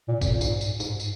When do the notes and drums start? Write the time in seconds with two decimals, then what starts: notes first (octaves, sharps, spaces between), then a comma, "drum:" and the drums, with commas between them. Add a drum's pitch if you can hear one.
0.08 A#2
0.21 F2 A#2, drum: kick, tambourine
0.41 G#2, drum: tambourine
0.51 G2
0.61 drum: tambourine
0.80 G#2, drum: tambourine
1.00 drum: tambourine